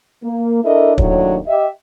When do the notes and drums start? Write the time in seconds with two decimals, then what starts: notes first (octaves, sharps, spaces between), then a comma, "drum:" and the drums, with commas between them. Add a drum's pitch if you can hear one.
0.23 A#3
0.64 D4 E4 A4 A#4 D#5 E5
0.98 D#2 A2 F#3 D4 C#5, drum: kick
1.47 G4 D#5 E5